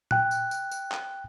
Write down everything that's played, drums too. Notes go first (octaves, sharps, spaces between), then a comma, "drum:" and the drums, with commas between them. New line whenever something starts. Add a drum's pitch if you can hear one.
G5 F#6, drum: tom A#2
drum: tambourine
drum: tambourine
drum: tambourine
drum: clap